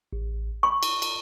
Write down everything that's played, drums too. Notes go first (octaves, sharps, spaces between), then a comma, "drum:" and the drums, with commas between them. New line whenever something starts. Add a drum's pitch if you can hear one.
A1
B5 C#6
drum: cymbal
drum: cymbal